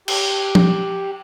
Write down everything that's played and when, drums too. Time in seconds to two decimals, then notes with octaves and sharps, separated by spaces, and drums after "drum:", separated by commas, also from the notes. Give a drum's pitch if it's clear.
0.08 G4, drum: cymbal
0.55 drum: tom F3